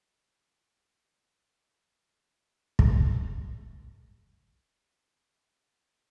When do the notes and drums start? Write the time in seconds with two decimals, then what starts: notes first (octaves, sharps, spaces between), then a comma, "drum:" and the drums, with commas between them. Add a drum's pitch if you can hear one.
0.16 C2 G2 C3 F#3 D#4
2.79 drum: kick
4.66 G2 D#3 G#5